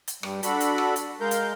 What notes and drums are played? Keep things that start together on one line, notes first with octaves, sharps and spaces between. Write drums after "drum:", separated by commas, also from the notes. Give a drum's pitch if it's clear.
drum: hi-hat
G2 G3, drum: rim click
D4 F#4 A4 B5, drum: hi-hat
drum: hi-hat
drum: rim click
drum: hi-hat
G#3 A#4 F5 G6
drum: hi-hat